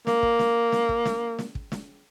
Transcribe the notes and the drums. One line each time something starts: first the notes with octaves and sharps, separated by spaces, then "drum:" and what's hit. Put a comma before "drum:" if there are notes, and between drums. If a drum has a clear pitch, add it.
A#3, drum: snare
drum: kick
drum: snare
drum: snare
drum: kick
drum: snare
drum: snare
drum: kick
drum: snare